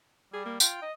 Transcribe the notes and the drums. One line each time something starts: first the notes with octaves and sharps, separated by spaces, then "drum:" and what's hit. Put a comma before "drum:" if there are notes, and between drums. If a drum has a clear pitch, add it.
G3 G#4
A#3
F4 G5, drum: tambourine
D#5